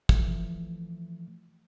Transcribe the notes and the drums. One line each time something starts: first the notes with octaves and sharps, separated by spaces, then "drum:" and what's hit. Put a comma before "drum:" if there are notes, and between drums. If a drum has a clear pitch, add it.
E3 F3 A3, drum: kick